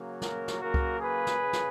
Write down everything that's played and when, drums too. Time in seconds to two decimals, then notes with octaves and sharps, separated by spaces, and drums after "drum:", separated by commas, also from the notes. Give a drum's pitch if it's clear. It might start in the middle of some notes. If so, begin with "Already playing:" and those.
Already playing: C#3 F#3 A#3
0.22 F#4 A#4, drum: snare
0.48 drum: snare
0.61 C#3 F#3 A#3 F#4 A#4
0.74 drum: kick C2
1.00 G#4 B4
1.27 drum: snare
1.40 C#3
1.53 drum: snare